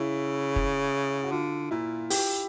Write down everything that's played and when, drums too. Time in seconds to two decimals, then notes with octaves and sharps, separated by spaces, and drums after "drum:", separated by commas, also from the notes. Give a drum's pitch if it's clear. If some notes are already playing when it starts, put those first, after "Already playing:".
Already playing: C#3 E4
0.56 drum: kick
1.24 F#4
1.31 D3 F4
1.71 A#2 E4
2.10 G4, drum: open hi-hat